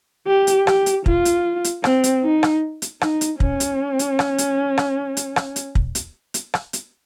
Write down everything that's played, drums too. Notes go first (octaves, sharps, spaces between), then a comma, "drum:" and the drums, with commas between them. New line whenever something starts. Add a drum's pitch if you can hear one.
G4
drum: hi-hat
G4, drum: rim click
drum: hi-hat
F4, drum: kick
drum: hi-hat
drum: hi-hat
C4, drum: rim click
drum: hi-hat
D#4
drum: rim click
drum: hi-hat
D#4, drum: rim click
drum: hi-hat
C#4, drum: kick
drum: hi-hat
drum: hi-hat
drum: rim click
drum: hi-hat
drum: rim click
drum: hi-hat
drum: rim click
drum: hi-hat
drum: kick
drum: hi-hat
drum: hi-hat
drum: rim click
drum: hi-hat